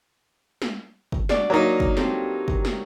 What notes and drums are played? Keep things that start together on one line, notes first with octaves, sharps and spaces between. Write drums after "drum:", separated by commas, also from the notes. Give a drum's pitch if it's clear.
drum: snare
drum: kick
D4 F#4 D5, drum: snare
F#3 A#3 D#4
drum: kick
C4 G4 A4, drum: snare
drum: kick
drum: snare